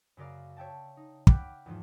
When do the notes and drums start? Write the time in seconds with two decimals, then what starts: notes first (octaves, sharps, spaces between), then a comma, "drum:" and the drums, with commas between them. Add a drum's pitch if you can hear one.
0.17 F#2 C#3 A#4 D5 F5
0.57 C#5 E5 G5 A5
0.97 D#4
1.27 E5 F#5 G5 B5 D6 F6, drum: kick
1.66 E2 G#2 F3